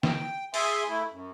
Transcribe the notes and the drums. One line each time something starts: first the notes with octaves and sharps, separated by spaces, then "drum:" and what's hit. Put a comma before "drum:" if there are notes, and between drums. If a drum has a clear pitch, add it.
G5, drum: snare
G#4 E5 G#5 C6, drum: open hi-hat
A3 E4
F#2